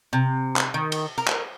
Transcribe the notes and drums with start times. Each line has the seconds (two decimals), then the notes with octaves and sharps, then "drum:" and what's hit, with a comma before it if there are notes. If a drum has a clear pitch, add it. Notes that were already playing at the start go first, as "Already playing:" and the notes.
0.13 C3
0.56 drum: clap
0.74 D#3
0.92 drum: cymbal
1.18 A#4
1.28 drum: clap